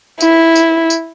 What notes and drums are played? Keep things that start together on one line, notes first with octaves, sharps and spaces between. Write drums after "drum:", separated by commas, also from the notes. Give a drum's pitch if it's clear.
E4, drum: tambourine
drum: tambourine
drum: tambourine